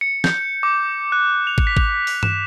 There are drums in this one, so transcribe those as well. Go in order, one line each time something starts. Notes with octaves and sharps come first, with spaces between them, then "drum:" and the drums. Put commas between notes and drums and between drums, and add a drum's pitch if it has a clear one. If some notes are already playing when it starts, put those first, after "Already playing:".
C#7
G6, drum: snare
D6
F#6
F7
drum: kick
B6
drum: kick
drum: open hi-hat
E7, drum: tom G2